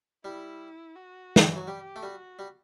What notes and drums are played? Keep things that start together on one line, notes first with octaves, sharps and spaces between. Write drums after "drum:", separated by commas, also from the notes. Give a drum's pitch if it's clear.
G3 E4
F#4
D3, drum: snare
E3
F#3
G3 G4
A3
G3 F#4
G3